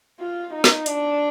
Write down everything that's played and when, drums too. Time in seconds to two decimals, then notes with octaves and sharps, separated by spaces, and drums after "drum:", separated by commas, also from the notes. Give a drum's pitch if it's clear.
0.19 F4
0.53 D#4
0.64 drum: snare
0.86 D4, drum: hi-hat